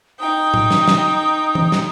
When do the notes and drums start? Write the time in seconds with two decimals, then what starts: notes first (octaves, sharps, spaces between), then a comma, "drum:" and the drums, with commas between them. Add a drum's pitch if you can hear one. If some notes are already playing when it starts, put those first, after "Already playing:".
0.20 D#4 G5 D#6
0.54 drum: tom A2
0.71 drum: snare
0.88 drum: snare
1.55 drum: tom E3
1.72 drum: snare